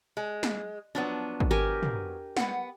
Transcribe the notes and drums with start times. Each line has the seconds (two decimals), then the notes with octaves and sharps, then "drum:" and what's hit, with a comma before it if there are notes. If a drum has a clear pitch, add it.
0.17 G#3
0.43 drum: snare
0.95 F3 F#3 B3 D4
1.40 drum: kick
1.51 G4 A#4 G#5
1.83 drum: tom
2.37 B3 F#5, drum: snare